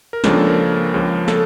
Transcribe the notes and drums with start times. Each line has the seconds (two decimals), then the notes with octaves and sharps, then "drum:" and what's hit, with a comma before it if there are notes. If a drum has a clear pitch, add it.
0.13 A#4
0.24 C#2 C#3 F3 A#3 D4 A4, drum: snare
0.36 A4
0.47 A#4
0.94 C#2 C#3 F3
1.28 A4, drum: snare